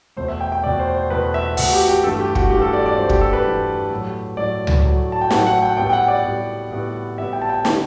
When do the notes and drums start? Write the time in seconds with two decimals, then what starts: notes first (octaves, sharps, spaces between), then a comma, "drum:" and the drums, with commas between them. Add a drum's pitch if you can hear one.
0.16 E2 B2 A3 C5
0.28 E5
0.41 G5
0.52 G5
0.64 E2 B2 A3 D5
0.79 C5
0.94 C5
1.10 E2 B2 A3 B4
1.34 E5
1.57 E2 B2 A3 F#5, drum: open hi-hat
1.68 F#4
1.73 G4
1.88 G4
2.04 G2 E3 A3 A4
2.20 G4
2.35 F#4, drum: kick
2.50 G2 E3 A3 G4
2.62 A4
2.73 D5
2.86 D5
2.98 G2 E3 A3 C5
3.09 G4, drum: kick
3.21 A4
3.33 B4
3.44 G2 E3 A3
3.91 A2 F#3 A3
4.37 A2 F#3 A3 D5
4.67 drum: tom C#2
4.85 A2 F#3 A3
5.12 A5
5.21 G5
5.30 A2 F#3 A3 F#5, drum: snare
5.47 F#5
5.62 G5
5.77 A2 G3 B3 G5
5.89 G5
5.93 F#5
6.08 D5
6.25 A2 G3 B3
6.71 A2 G3 B3
7.18 A2 G3 B3 E5
7.33 G5
7.42 A5
7.49 G5
7.65 D3 G3 B3, drum: snare